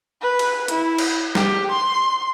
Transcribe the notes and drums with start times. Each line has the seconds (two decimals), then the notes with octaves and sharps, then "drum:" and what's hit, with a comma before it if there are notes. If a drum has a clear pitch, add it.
0.21 B4
0.39 drum: cymbal
0.68 E4, drum: hi-hat
0.98 drum: cymbal
1.35 G4, drum: snare
1.72 C6